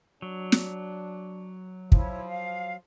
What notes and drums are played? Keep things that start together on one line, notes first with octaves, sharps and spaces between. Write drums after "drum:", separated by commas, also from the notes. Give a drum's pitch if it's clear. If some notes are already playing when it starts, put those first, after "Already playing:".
F#3 D4
drum: snare
F3 E4 C#5, drum: kick
F5